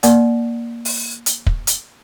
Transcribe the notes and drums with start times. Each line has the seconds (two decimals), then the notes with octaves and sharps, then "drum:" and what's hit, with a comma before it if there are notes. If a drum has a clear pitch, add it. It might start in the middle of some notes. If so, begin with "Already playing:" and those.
0.03 A#3 D5 F#5, drum: hi-hat
0.85 drum: open hi-hat
1.26 drum: hi-hat
1.47 drum: kick
1.67 drum: hi-hat